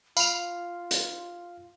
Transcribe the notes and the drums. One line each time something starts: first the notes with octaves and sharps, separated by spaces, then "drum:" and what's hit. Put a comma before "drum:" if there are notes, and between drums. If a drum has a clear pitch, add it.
F4 F5 B5 F7, drum: tambourine
drum: hi-hat